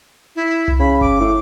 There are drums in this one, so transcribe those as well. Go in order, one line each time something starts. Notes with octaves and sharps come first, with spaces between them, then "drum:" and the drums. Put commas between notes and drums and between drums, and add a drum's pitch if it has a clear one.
E4
drum: tom C2
C#3 B5
D6, drum: kick G1
A2